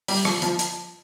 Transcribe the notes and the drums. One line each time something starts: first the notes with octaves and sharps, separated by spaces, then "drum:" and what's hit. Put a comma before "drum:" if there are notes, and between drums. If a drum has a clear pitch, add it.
G3, drum: open hi-hat
F3, drum: rim click
F3, drum: hi-hat
drum: hi-hat